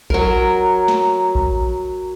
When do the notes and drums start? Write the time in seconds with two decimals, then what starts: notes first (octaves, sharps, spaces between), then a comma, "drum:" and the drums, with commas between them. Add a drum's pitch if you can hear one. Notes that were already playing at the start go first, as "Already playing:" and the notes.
0.10 F#3 A#4, drum: kick A#1
0.88 drum: snare
1.35 drum: kick A#1